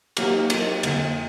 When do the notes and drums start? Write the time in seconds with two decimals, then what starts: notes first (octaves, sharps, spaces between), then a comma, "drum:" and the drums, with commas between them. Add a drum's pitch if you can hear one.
0.17 F#3 A#3 D#4 G4 A#4, drum: cymbal
0.50 F#3 A#3 D#4 G4 A#4, drum: cymbal
0.83 F2 D3 F#3 A#3, drum: cymbal